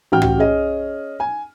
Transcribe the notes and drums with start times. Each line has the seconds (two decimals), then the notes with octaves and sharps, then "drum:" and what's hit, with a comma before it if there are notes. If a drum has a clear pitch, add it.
0.12 A1 F#4 G5 F6
0.22 drum: tom
0.38 C#4 G#4 D#5
1.20 G#5